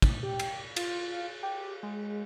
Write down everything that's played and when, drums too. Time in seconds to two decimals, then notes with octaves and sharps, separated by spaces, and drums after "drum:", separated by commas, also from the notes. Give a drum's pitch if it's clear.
0.02 drum: kick, cymbal
0.23 G4
0.39 drum: cymbal
0.76 F4, drum: cymbal
1.43 G4
1.83 G#3